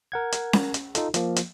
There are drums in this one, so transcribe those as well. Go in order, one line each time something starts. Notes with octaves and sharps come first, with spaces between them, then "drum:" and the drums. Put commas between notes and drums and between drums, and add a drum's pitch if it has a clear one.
A#4 F#5 G#6
drum: hi-hat
drum: snare C#4
drum: hi-hat
D#4 F4 A4, drum: hi-hat
F3 A#3, drum: hi-hat
drum: hi-hat